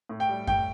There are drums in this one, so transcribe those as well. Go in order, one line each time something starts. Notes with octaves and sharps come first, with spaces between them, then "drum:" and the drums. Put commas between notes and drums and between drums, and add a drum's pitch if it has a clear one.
A2
G5
G3
A2 G5, drum: kick F#2